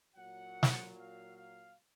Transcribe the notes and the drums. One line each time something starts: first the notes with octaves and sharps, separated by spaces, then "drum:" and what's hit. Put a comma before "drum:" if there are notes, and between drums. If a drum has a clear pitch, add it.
A#2 F#3 F#5
drum: snare
F5
F5